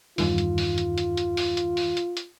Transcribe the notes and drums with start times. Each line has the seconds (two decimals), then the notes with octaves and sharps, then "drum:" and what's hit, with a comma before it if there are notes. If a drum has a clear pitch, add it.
0.18 E2 G2 D#3 F4, drum: open hi-hat
0.38 drum: hi-hat
0.58 drum: open hi-hat
0.78 drum: hi-hat
0.98 drum: hi-hat
1.17 drum: hi-hat
1.37 drum: open hi-hat
1.57 drum: hi-hat
1.77 drum: open hi-hat
1.97 drum: hi-hat
2.17 drum: hi-hat